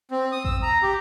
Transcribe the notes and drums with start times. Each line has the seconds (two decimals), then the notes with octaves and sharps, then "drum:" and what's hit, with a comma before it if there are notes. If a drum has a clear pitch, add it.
0.11 C4
0.32 D#6
0.45 E6, drum: kick A1
0.62 A#5
0.83 G4